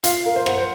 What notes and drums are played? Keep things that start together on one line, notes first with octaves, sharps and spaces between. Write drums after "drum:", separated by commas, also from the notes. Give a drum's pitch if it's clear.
F4 F5, drum: hi-hat
A#4
C5
C5 F#5, drum: rim click
C5